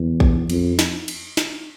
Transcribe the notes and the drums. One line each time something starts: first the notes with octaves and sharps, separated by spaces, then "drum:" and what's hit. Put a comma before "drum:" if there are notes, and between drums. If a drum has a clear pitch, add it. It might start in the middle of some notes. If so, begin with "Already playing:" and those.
Already playing: E2
drum: kick A#1
F2, drum: cymbal
drum: snare
drum: cymbal
drum: snare